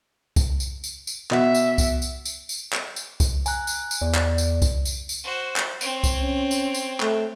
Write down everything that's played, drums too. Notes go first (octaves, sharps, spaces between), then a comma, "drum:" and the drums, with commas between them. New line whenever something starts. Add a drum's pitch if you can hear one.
drum: kick C2, tambourine
drum: tambourine
drum: tambourine
drum: tambourine
B2 E5, drum: clap
drum: tambourine
drum: kick C2, tambourine
drum: tambourine
drum: tambourine
drum: tambourine
drum: clap
drum: tambourine
drum: kick C2, tambourine
G#5 A#5 F#6, drum: tambourine
drum: tambourine
drum: tambourine
E2 D5
drum: clap
drum: tambourine
drum: kick C2, tambourine
drum: tambourine
drum: tambourine
F#4 C5
drum: clap
C4 C#5, drum: tambourine
drum: kick C2, tambourine
C#4
drum: tambourine
drum: tambourine
A3, drum: clap